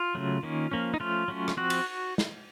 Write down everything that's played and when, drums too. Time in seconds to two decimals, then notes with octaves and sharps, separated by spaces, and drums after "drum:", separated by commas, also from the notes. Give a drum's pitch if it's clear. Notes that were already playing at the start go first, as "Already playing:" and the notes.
Already playing: F4
0.15 C#3 F#3 A3
0.43 D#3 A#3 C#4
0.71 F3 A#3 C#4
0.94 D#4
1.00 F3 A3 C#4 F4
1.28 F#3 A3 C#4
1.48 drum: rim click
1.57 F3 C4 F#4
1.70 drum: cymbal
2.18 drum: snare